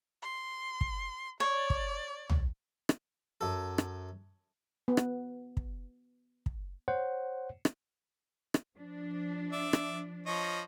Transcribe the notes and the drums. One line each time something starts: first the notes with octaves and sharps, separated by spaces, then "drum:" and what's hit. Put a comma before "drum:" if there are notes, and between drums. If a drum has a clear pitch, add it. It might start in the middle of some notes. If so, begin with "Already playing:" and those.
C6
drum: kick
C#5 D5
drum: kick
drum: tom B1
drum: rim click
F#2 A4
drum: rim click
B3
drum: rim click
drum: kick
drum: kick
C5 C#5 F#5
drum: rim click
drum: rim click
F3 D4
D5 E5
drum: rim click
F3 C#5 D#5